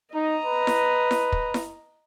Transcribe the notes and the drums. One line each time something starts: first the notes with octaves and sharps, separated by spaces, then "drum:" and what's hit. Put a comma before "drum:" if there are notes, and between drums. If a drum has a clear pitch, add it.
D#4 D#5 A#5
B4
drum: snare E4
drum: snare E4
drum: kick
drum: snare E4